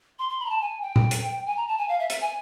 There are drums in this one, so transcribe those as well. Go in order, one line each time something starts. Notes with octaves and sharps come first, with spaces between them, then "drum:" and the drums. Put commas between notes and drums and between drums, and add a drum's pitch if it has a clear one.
C6
C6
B5
A#5
A5
G#5
G5
drum: tom A#2
drum: hi-hat
G#5
A#5
A5
G#5
F5
E5
E5, drum: hi-hat
G#5